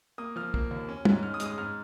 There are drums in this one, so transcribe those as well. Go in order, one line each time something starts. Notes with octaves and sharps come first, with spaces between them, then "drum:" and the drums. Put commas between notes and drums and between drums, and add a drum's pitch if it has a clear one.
A#3 D#6
F3 F6
A#3, drum: kick
D#2
C#4
G#2, drum: tom
G#2 F6
D#6
G#3, drum: hi-hat
D#6
G#2 F6